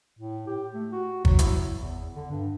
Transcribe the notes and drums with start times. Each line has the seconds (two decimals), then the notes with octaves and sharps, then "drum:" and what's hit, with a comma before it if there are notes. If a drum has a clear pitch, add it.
0.19 A2
0.47 G4
0.73 A3
0.92 F#4
1.25 F#3, drum: kick G1
1.39 E4, drum: hi-hat
1.76 E2
2.14 D3
2.30 G2